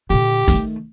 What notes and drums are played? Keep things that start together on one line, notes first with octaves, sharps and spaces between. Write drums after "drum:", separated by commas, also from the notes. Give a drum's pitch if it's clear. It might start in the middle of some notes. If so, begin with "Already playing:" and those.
A#2 D3 G4
D#3 A3, drum: kick, hi-hat